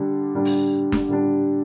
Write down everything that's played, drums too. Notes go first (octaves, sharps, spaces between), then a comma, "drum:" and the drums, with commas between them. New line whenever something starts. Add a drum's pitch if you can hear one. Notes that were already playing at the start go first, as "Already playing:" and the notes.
Already playing: D3 G3 D4
D3 G3 D4
drum: open hi-hat
drum: snare
D3 G3 D4